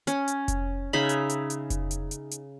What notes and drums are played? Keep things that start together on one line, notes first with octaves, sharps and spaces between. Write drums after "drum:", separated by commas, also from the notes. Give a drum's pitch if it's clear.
C#4, drum: hi-hat
drum: hi-hat
drum: kick F1, hi-hat
C#3 D#4 E5 B5
drum: hi-hat
drum: hi-hat
drum: hi-hat
drum: kick F1, hi-hat
drum: hi-hat
drum: hi-hat
drum: hi-hat